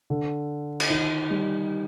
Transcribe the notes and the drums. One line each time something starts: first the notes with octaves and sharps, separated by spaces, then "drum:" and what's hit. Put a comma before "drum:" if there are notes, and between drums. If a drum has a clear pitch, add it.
D3
drum: cymbal
D#3
G3